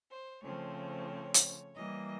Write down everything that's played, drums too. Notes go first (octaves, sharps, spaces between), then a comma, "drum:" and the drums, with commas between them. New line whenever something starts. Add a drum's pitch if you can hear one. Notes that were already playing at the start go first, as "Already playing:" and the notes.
C5
C#3 F3 A3 C4 C#5
drum: hi-hat
E3 G3 A#3 D#5